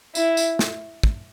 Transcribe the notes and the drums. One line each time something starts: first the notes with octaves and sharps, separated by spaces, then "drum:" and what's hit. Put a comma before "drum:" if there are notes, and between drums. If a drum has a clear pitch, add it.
E4, drum: tambourine
drum: tambourine
drum: snare
drum: kick